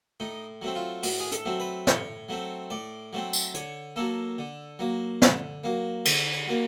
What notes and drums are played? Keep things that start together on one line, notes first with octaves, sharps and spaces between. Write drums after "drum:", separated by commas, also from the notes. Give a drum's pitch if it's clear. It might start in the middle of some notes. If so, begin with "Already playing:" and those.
A2 D#4
F#3 A3 C4
F4
A2 F#4, drum: open hi-hat
G#4
A4, drum: hi-hat
F#3 A3 C4
B4
A2 C#5, drum: snare
F#3 A3 C4
A2 D5
F#3 A3 C4
drum: tambourine
D3 C#5, drum: hi-hat
F#3 A#3 A4
D3
F#3 A#3
D3, drum: snare
F#3 A#3
D3 C5, drum: cymbal
C#5
F#3 A#3